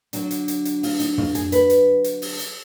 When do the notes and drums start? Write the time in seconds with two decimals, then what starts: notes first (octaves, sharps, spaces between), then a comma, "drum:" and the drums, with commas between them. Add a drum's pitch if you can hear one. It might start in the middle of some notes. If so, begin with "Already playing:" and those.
0.13 D3 F#3 D4 F#4, drum: hi-hat
0.31 drum: hi-hat
0.48 drum: hi-hat
0.65 drum: hi-hat
0.83 F4, drum: open hi-hat
1.00 D#4, drum: hi-hat
1.18 F4, drum: tom
1.35 G#4, drum: hi-hat
1.52 B4, drum: hi-hat
1.70 drum: hi-hat
2.04 drum: hi-hat
2.22 drum: open hi-hat
2.39 drum: hi-hat